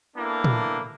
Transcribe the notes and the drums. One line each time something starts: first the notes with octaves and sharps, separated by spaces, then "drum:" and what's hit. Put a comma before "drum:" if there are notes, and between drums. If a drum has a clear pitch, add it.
A#3 B3 D4 E4 G4 A4
drum: tom